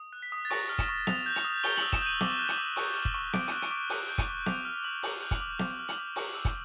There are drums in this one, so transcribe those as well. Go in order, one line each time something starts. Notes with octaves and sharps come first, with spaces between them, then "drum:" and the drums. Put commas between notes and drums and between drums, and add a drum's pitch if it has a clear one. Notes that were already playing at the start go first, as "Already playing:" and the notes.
Already playing: D#6
F#6
B6
D#6
A6
C#6 A#6, drum: open hi-hat
F6
E7, drum: kick, hi-hat
C#6
D#6 F7, drum: snare
G6
F7, drum: hi-hat
D#6
C#6 G7, drum: open hi-hat
F#7, drum: hi-hat
E6
E7, drum: kick, hi-hat
G6 D#7
D6, drum: snare
F#6
drum: hi-hat
D6
C#6, drum: open hi-hat
F6
drum: kick
C#6
D6 D7, drum: snare
F#6 D#7, drum: hi-hat
D#7, drum: hi-hat
D6
D6 D#7, drum: open hi-hat
G6
D#7, drum: kick, hi-hat
D6
D6 F7, drum: snare
F6
D6 F#7
D6 F#7, drum: open hi-hat
G6
F7, drum: kick, hi-hat
D6
D6 F7, drum: snare
F6
F#7, drum: hi-hat
D6
C#6, drum: open hi-hat
E6
drum: kick, hi-hat